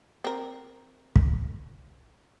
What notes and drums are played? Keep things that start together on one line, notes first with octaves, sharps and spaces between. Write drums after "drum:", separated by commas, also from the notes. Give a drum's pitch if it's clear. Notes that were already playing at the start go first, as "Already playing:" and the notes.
C4 A#4
drum: kick